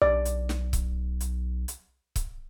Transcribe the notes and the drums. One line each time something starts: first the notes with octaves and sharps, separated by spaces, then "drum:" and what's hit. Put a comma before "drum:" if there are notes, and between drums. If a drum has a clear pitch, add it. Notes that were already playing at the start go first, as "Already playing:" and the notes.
B1 D5
drum: hi-hat
drum: snare
drum: kick C#1, hi-hat
drum: hi-hat
drum: hi-hat
drum: kick C#1, hi-hat